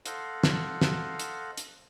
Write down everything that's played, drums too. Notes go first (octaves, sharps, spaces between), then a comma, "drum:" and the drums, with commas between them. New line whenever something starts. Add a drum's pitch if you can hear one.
A4 C5 D#5 F5 F#5, drum: hi-hat
drum: snare
drum: snare
drum: hi-hat
drum: hi-hat